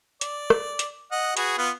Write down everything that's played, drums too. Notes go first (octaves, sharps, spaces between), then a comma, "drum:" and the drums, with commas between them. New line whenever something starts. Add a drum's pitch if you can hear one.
D5, drum: hi-hat
drum: rim click
drum: hi-hat
D#5 F#5
F#4 G#4 B4, drum: hi-hat
B3 F4 B4